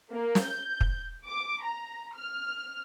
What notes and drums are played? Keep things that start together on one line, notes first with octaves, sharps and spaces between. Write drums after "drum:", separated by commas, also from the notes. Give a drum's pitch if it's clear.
A#3
drum: snare
G6
drum: kick
D6
A#5
F6